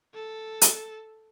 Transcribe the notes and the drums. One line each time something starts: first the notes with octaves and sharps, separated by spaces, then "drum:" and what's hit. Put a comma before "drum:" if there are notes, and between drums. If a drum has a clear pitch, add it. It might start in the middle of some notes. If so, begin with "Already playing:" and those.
A4
drum: hi-hat